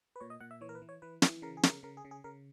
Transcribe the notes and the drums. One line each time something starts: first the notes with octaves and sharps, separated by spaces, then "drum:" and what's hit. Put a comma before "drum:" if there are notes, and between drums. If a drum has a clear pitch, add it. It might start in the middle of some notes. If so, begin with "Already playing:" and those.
B4
A#2 C#5
D#5
A#2 F#5
E5
E3 C#5
A#4
B4
E3
C#5
E3 B4
E3, drum: snare
C#3 A#4
G#4
C#3, drum: snare
A#4
C#3 A#4
G#4
C#3
G#4
C#3 A#4